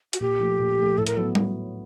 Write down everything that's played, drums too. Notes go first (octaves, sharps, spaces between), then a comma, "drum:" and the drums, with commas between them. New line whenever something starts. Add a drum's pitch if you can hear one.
F#4, drum: hi-hat
A#2 G4
F3 A3
A#2
F3 A3
A2 A4
A#4, drum: hi-hat
F#3 B3 A4
drum: tom G3